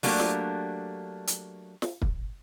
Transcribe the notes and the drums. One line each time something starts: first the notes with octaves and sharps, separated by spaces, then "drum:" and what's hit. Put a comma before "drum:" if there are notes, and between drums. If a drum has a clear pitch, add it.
F#3 A3 A#3 D4 G4, drum: open hi-hat
drum: snare
drum: hi-hat
drum: snare
drum: kick